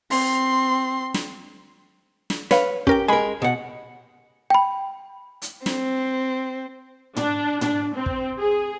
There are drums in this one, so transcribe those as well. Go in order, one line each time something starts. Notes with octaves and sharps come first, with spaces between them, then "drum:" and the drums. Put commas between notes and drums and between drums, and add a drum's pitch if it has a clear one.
C4 C6, drum: open hi-hat
drum: snare
drum: snare
B4 C#5 F5, drum: snare
C#4 G4 A#4 G5, drum: kick
G#3 A#4 G#5 B5
B2 F#5
G5 B5
drum: hi-hat
C4, drum: snare
D4, drum: tom
D4, drum: tom
C4
drum: kick
G#4